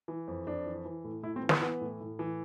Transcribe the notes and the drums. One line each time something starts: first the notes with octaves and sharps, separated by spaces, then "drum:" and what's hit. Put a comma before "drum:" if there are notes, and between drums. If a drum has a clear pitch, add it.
E3
F2
F2 D4
E3
E3
A2
A2 E4
C4
E3
B3, drum: snare
E3 B3
A2
A2
E3